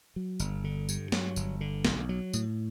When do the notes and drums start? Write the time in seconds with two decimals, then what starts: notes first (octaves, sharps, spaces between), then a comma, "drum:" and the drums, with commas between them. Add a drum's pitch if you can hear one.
0.16 F#3
0.40 G1, drum: tambourine
0.64 D3
0.89 G2, drum: tambourine
1.12 F#3, drum: snare
1.36 G1, drum: tambourine
1.61 D3
1.85 B1, drum: snare
2.09 F#3
2.33 A2, drum: tambourine